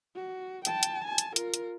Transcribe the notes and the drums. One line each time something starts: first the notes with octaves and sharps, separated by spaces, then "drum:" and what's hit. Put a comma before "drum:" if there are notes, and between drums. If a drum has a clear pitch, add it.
F#4
G5 A5, drum: hi-hat
drum: hi-hat
G#5 A5
drum: hi-hat
F4 A#4, drum: hi-hat
drum: hi-hat